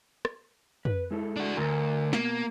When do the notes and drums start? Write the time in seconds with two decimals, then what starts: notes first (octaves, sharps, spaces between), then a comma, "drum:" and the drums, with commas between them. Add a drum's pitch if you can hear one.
0.25 drum: rim click
0.85 B4, drum: tom
1.11 G#3 E4 A4
1.37 D4 F#4
1.57 D2 A#4 G#5 A#5
2.13 B2 A#3, drum: snare